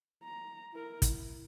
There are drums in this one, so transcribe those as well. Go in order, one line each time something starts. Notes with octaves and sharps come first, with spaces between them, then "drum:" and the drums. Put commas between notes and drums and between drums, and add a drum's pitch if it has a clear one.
A#5
E4 A#4
E4, drum: kick, hi-hat